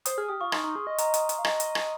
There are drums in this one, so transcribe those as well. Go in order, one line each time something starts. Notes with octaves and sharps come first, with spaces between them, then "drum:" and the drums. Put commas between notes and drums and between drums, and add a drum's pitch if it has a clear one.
C5 D#6, drum: hi-hat
G#4 F6
G4 D#6
F4 C#6
D#4 C6, drum: rim click
D#4
G#4
D#5
A#5, drum: hi-hat
drum: hi-hat
drum: hi-hat
F5
D#5, drum: rim click
drum: hi-hat
drum: rim click